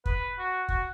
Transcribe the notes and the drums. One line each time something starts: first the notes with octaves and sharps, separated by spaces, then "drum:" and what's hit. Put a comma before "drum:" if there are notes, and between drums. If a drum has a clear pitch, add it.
B4, drum: kick
F#4
F#4, drum: kick